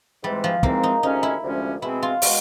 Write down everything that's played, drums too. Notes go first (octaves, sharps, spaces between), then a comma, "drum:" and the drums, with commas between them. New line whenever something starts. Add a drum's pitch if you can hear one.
G#2 E3 G3 G#3 C4
F3
G#2 E3 G#3 A#3 C4, drum: kick
D#4
D2 C3 F3 G#3 C#4 D#4
E4
D2 C3 F3 G#3 C#4
B2 G#3 C4 E4
F4
B2 G#3 F#4, drum: open hi-hat